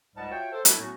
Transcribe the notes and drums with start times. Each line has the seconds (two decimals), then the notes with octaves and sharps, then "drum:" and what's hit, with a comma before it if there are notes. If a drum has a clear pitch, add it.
0.16 C#2 G#2 G3 D#5 F#5 A5
0.31 F4 F#4 C#5 E5 G5
0.52 A4 C5
0.65 F#3 D4 E4 A4, drum: hi-hat
0.79 A2 F#3 A3 B3 C#4 F#4